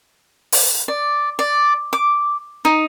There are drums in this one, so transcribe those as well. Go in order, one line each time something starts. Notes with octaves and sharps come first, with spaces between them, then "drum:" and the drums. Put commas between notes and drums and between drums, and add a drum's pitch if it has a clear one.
drum: open hi-hat
D5
D5
D6
D#4